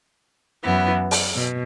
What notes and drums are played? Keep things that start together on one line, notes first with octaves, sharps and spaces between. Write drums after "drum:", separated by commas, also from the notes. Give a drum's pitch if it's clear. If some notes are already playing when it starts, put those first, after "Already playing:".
F#2 E3 B3
drum: open hi-hat
B2